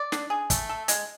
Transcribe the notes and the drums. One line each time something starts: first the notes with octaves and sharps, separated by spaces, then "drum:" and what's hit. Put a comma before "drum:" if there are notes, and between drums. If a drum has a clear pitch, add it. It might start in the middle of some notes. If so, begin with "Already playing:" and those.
Already playing: D5
D4, drum: snare
G#4
A3, drum: kick, hi-hat
A4
G#3, drum: hi-hat